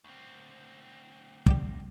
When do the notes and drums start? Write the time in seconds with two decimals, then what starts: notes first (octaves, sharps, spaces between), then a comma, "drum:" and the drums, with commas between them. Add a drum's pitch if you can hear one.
0.04 D2 C4
1.46 G4 D5 G5, drum: kick